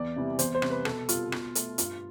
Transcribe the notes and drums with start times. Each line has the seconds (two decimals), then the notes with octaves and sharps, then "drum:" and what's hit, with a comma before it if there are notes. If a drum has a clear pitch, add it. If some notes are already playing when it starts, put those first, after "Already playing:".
Already playing: E2 D5
0.16 C3 E3 G3
0.39 E2 C5, drum: hi-hat
0.55 C5
0.62 C3 G3, drum: rim click
0.70 B4
0.85 B2 A4, drum: rim click
1.09 G3 F4, drum: hi-hat
1.32 B2, drum: rim click
1.55 A3, drum: hi-hat
1.78 G2 F4, drum: hi-hat